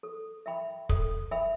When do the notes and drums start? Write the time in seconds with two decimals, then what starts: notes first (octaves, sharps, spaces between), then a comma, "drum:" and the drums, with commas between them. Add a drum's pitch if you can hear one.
0.03 A4
0.46 E5 G5 B5
0.89 A4, drum: kick
1.31 E5 G5 B5